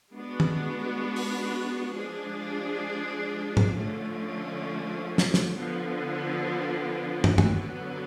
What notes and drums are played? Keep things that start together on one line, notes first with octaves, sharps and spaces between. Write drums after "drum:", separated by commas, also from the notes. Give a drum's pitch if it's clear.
G#3 B3 D4 F#4
drum: tom
drum: open hi-hat
F3 G#3 D4 G#4
drum: tom G#2
D3 F3 A3 C#4
drum: snare
drum: snare
D3 F3 B3
drum: tom
D3 F#3 B3, drum: tom